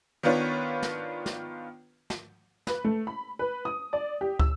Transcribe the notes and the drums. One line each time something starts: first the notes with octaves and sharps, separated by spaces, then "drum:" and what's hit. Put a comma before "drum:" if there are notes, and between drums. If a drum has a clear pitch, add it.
D#3 B3 D4 F4 B4 C#5
drum: snare
drum: snare
drum: snare
B4, drum: snare
A3
B5
B4
D#6
D5
G4
E6, drum: kick